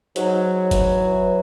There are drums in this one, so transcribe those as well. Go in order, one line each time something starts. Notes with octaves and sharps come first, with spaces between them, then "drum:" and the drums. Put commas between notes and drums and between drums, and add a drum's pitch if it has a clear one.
G#2 F#3, drum: hi-hat
G#2
E3, drum: kick G1, hi-hat
E3